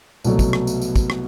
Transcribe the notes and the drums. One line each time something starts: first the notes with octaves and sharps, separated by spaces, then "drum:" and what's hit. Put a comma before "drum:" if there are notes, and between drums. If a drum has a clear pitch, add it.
C2 B2 F#3 A3, drum: tambourine
drum: kick, tambourine
drum: rim click
drum: tambourine
drum: tambourine
drum: kick, tambourine
drum: rim click